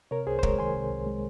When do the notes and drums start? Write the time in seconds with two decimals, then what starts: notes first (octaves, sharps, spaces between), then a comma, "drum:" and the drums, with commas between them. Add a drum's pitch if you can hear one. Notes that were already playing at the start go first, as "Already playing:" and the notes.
0.11 C3 A#4 C#5
0.27 C2 G#4 C5
0.39 C5
0.43 G#3 A#4 C#5, drum: kick
0.59 D#3 G#5 C6
0.75 C3
0.91 C2
1.07 G#3